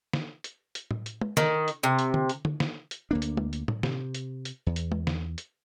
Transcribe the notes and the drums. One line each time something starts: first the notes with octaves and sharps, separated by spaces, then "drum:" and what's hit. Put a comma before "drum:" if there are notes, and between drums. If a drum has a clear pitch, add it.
drum: snare
drum: hi-hat
drum: hi-hat
drum: tom A2
drum: hi-hat
drum: tom
D#3, drum: snare
drum: hi-hat
C3
drum: hi-hat
drum: tom
drum: hi-hat
drum: tom
drum: snare
drum: hi-hat
D2 A#3 D4
drum: hi-hat
drum: tom
drum: hi-hat
drum: tom A2
C3, drum: snare
drum: hi-hat
drum: hi-hat
E2
drum: hi-hat
drum: tom
drum: snare
drum: hi-hat